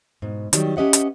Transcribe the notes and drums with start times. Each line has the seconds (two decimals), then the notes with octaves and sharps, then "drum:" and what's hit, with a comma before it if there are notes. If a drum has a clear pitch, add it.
0.22 G#2 B2
0.53 D#3 F#3 G3, drum: hi-hat
0.77 C#4 G4 B4 D#5 E5 F#5
0.93 drum: hi-hat